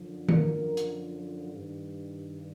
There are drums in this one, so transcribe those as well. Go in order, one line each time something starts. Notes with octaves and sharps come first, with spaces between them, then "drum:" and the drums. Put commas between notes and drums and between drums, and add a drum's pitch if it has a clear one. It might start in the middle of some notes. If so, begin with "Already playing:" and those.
Already playing: F#2 D3 F3
A#4, drum: tom D#3
drum: hi-hat
G2 D#3